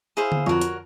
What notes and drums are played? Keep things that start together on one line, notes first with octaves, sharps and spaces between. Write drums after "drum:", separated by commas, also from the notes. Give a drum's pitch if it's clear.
E4 G#4 C5 F5
drum: tom D3
F2 F#4 A#4 C#5
drum: hi-hat